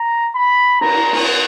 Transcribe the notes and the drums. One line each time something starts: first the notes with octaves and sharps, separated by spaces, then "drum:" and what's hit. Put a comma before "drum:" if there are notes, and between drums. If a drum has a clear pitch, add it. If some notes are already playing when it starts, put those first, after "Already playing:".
Already playing: A#5
B5
A#5, drum: cymbal
drum: cymbal